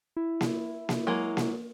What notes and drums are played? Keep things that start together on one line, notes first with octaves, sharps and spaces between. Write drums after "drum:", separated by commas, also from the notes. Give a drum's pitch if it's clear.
E4
drum: snare A#3
drum: snare A#3
F#3 G#3 A#3
drum: snare A#3